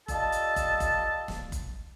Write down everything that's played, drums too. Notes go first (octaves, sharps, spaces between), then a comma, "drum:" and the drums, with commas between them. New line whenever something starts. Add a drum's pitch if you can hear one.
G3 F4 A4 D#5 A5, drum: kick F#1, hi-hat
drum: hi-hat
drum: kick F#1, hi-hat
drum: kick F#1, hi-hat
drum: snare
drum: kick F#1, hi-hat